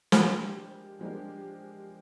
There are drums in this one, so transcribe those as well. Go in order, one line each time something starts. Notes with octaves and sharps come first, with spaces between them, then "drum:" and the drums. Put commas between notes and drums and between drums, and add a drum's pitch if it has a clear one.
F3 G#3 D4 G4 A#4, drum: snare
F3 G#3 D4 G4 A#4